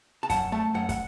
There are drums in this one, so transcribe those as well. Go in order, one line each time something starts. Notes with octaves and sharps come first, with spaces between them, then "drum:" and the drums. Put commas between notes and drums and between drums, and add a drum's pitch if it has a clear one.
A5
F#2 F#5, drum: kick, hi-hat
A3 A5
F#2 F#5
F#5, drum: kick, hi-hat